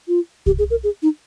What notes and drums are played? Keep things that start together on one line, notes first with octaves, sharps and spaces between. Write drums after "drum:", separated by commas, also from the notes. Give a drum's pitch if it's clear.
F4
G4, drum: kick C2
G#4
A#4
G#4
D#4